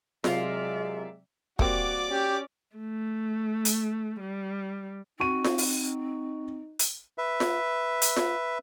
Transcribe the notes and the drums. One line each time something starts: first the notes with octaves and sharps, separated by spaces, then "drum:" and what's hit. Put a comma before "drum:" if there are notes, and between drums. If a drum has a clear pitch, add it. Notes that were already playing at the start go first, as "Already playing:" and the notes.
C3 F#3 G#3 F4 A#4 D5 E5, drum: snare F4
G3 A#3 C4 F#4 D5 D6, drum: kick
C#4 G4
A3
drum: hi-hat
G3
C4 D#4 F#4 C#6 D#7
drum: snare F4
drum: open hi-hat
drum: hi-hat
B4 E5
drum: snare F4
drum: hi-hat
drum: snare F4